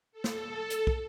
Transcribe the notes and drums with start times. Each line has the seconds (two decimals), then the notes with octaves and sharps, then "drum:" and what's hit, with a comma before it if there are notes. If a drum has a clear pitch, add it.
0.12 A4
0.24 drum: snare
0.70 drum: hi-hat
0.87 drum: kick